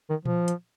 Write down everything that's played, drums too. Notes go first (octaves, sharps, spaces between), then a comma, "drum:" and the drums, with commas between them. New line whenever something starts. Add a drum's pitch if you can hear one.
D#3
F3, drum: tom A#2
drum: hi-hat